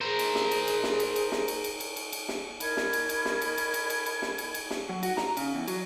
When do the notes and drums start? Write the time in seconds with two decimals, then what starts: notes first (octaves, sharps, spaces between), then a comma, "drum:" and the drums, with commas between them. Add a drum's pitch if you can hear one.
0.01 G#4 A#4 C5
0.19 drum: cymbal
0.35 drum: snare
0.51 drum: cymbal
0.67 drum: cymbal
0.83 drum: snare
1.00 drum: cymbal
1.16 drum: cymbal
1.32 drum: snare
1.48 drum: cymbal
1.64 drum: cymbal
1.80 drum: cymbal
1.96 drum: cymbal
2.12 drum: cymbal
2.29 drum: snare
2.60 A#4 D#5 B5 G#6, drum: cymbal
2.77 drum: snare
2.93 drum: cymbal
3.09 drum: cymbal
3.25 drum: snare
3.41 drum: cymbal
3.58 drum: cymbal
3.74 drum: cymbal
3.90 drum: cymbal
4.06 drum: cymbal
4.22 drum: snare
4.38 drum: cymbal
4.54 drum: cymbal
4.70 drum: snare
4.89 F#3
5.03 F#4, drum: cymbal
5.17 A#5, drum: snare
5.37 C#3, drum: cymbal
5.55 E2
5.68 F#3, drum: cymbal